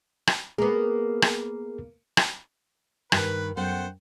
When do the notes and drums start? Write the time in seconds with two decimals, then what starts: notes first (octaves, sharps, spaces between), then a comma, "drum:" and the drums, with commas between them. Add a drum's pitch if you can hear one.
0.27 drum: rim click
0.58 A#3 B3 G#4
1.22 drum: rim click
2.17 drum: rim click
3.12 G2 D#3 B4, drum: rim click
3.57 F#2 B3 A4 C5 F#5 G5